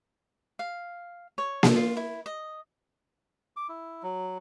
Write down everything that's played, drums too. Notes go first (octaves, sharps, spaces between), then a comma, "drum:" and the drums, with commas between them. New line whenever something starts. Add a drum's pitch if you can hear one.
F5
C#5
A4, drum: snare A#3
F4
E4
D#5
D6
E4
F#3